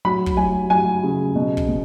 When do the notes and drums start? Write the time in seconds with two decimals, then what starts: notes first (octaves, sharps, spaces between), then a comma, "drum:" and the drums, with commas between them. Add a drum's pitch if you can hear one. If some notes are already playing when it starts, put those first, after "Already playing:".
0.05 F#3 B5
0.26 drum: kick
0.37 F#3 G#5
0.70 F#3 G#5
1.03 C#3
1.35 B2
1.57 drum: kick
1.68 B2